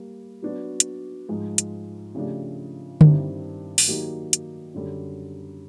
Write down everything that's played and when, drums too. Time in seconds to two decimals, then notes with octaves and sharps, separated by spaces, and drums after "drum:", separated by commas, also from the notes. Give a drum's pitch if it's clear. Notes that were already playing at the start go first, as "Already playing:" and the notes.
Already playing: G3 A#3
0.42 F#3 B3 D4 F#4
0.80 drum: hi-hat
1.29 G#2 F3 G#3
1.58 drum: hi-hat
2.15 C#3 F3 A3 D4 G4
3.01 G2 D#3 G3 C4 E4, drum: tom D3
3.78 drum: open hi-hat
3.87 D#3 F#3 A#3 D#4 G4
4.33 drum: hi-hat
4.74 F#2 D3 G3